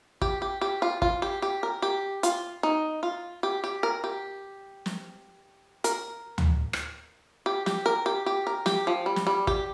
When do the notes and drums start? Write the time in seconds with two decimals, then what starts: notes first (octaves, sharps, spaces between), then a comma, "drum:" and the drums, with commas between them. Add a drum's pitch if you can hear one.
0.22 G4, drum: kick
0.42 G4
0.61 G4
0.82 F4
1.02 F4, drum: kick
1.22 G4
1.42 G4
1.63 A#4
1.82 G4
2.23 F4, drum: hi-hat
2.63 D#4
3.03 F4
3.43 G4
3.64 G4
3.83 A#4
4.04 G4
4.86 drum: snare
5.84 A#4, drum: hi-hat
6.38 drum: tom D2
6.73 drum: rim click
7.46 G4
7.66 G4, drum: snare
7.86 A#4
8.06 G4
8.26 G4
8.47 A#4
8.66 G4, drum: snare
8.87 F3
9.06 G3
9.16 drum: snare
9.27 G3
9.47 G4, drum: kick